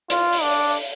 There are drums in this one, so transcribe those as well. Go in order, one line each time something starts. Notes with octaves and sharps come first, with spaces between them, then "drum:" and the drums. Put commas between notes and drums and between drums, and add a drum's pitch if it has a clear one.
F4, drum: hi-hat
drum: open hi-hat
D4